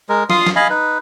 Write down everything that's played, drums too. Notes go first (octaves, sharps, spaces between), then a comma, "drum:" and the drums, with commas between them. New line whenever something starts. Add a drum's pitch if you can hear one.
G#3 A#4
F4 F5 C6 D#6, drum: snare
drum: snare
D#5 F5 G#5 B5
D#4 B4